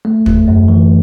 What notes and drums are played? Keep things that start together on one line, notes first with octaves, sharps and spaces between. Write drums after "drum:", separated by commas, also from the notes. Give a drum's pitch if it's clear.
A3
A3, drum: kick
F#2
E3